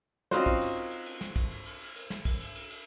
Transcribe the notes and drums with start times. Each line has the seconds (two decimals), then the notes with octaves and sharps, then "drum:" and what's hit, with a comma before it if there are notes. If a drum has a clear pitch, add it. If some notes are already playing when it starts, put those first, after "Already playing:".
0.31 C4 C#4 D#4 F4 F#4 C5, drum: snare
0.46 drum: kick, cymbal
0.61 drum: cymbal
0.76 drum: cymbal
0.91 drum: cymbal
1.06 drum: cymbal
1.21 drum: snare
1.36 drum: kick, cymbal
1.51 drum: cymbal
1.66 drum: cymbal
1.81 drum: cymbal
1.95 drum: cymbal
2.10 drum: snare
2.25 drum: kick, cymbal
2.40 drum: cymbal
2.55 drum: cymbal
2.70 drum: cymbal